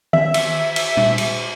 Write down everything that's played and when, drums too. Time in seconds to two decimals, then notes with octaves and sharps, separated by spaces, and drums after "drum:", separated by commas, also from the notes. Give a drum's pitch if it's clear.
0.13 E5, drum: tom D#3
0.34 drum: cymbal
0.76 drum: cymbal
0.97 drum: tom A#2
1.18 drum: cymbal